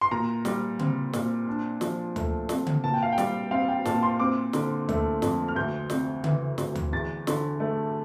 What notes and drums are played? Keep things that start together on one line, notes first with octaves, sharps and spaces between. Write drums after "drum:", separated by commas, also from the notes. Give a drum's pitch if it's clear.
C6
A#2 A#5
G3, drum: snare
C4, drum: tom C#3
A#2, drum: snare
D4
F3, drum: snare
A3, drum: tom D2
C3, drum: snare
drum: tom C#3
A#2 A5
G5
F5
G5
G3, drum: snare
C4 F5
G5
A#2 A5, drum: snare
C6
C4 D6
D3, drum: snare
A3, drum: tom D2
F2, drum: snare
F6
D2 G6
C3, drum: snare
E3, drum: tom C#3
D2, drum: snare
drum: tom D2
E2 A6
D3, drum: snare
A3